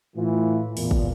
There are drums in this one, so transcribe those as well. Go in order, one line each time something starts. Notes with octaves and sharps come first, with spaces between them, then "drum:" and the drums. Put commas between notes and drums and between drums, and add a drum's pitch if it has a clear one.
A2 E3 F4
E2 A#2, drum: open hi-hat
drum: kick